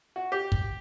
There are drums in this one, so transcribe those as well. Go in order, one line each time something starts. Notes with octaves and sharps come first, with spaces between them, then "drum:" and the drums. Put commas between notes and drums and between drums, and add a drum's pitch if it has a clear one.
F#4
G4
drum: kick